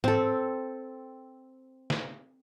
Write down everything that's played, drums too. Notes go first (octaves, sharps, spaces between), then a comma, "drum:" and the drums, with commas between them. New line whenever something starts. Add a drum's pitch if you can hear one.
C4 A4, drum: tom
drum: snare